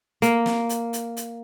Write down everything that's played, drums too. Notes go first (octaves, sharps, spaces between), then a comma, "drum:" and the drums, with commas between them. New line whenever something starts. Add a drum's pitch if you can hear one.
A#3, drum: hi-hat
drum: snare
drum: hi-hat
drum: hi-hat
drum: hi-hat